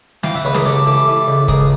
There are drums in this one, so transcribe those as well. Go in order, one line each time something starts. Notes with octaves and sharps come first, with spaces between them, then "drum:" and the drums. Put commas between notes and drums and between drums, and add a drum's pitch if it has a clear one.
E3 F5 G5, drum: snare
E5 F#5, drum: hi-hat
C#2 B4 C#5
G#4 A#4, drum: snare
C#2 G4 A4, drum: hi-hat
E3 G4 A4
E3
C#2
C#2 G#4 A#4, drum: kick, hi-hat